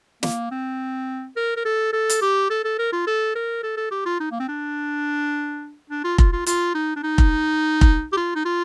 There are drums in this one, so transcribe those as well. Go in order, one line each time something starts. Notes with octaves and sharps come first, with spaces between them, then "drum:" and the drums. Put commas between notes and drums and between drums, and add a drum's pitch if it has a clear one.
A#3, drum: snare
C4
A#4
A#4
A4
A4
drum: hi-hat
G4
A4
A4
A#4
F4
A4
A#4
A4
A4
G4
F4
D#4
A#3
C4
D4
D4
F4
F4, drum: kick F1
F4
F4, drum: hi-hat
D#4
D4
D#4
drum: kick F1
drum: kick F1
G4
F4
D#4
F4